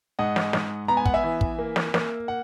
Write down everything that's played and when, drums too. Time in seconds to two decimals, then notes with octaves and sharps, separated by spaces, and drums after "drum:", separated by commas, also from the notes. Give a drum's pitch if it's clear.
0.19 G#2 D#5 F#5
0.36 drum: snare
0.53 G#2, drum: snare
0.88 B3 A#5
0.97 G#5
1.06 F#5, drum: kick
1.14 E5 G#5
1.24 E3
1.41 drum: kick
1.59 A#3
1.76 drum: snare
1.94 A#3, drum: snare
2.28 F#5